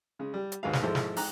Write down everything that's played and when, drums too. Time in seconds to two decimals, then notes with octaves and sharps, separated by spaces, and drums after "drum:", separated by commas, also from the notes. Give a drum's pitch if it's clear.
0.19 C#3 G#3
0.34 G3
0.52 drum: hi-hat
0.63 D#2 G#2 G#3 F#4 B4 F5
0.73 drum: snare
0.83 G#1 F3 G#3 E4 A4 C5
0.95 drum: snare
1.16 G#2 G5 A#5 F#6, drum: open hi-hat